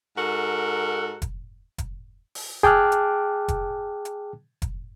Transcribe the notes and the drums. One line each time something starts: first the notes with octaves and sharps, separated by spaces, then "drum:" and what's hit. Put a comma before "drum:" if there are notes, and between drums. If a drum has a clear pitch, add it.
G#2 F#4 A4 A#4
drum: kick F1, hi-hat
drum: kick F1, hi-hat
drum: open hi-hat
G#4 G5 A5 D6 F6 F#6, drum: kick F1
drum: hi-hat
drum: kick F1, hi-hat
drum: hi-hat
drum: kick F1, hi-hat